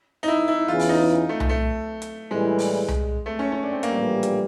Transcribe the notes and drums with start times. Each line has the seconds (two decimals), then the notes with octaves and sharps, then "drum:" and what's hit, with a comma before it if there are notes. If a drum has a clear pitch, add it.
0.23 D#4
0.28 E4
0.48 E4
0.68 E2 C#3 E3 F4
0.79 drum: open hi-hat
0.89 D#4
1.29 A3
1.40 drum: tom C2
1.49 A3
2.02 drum: hi-hat
2.30 A2 E3 G3 G#3
2.59 drum: open hi-hat
2.88 drum: tom C2
3.26 A3
3.39 C#4
3.52 C#4
3.63 D4
3.72 C4
3.83 A#3, drum: hi-hat
3.93 A#1 A2 E3 G3
4.23 drum: hi-hat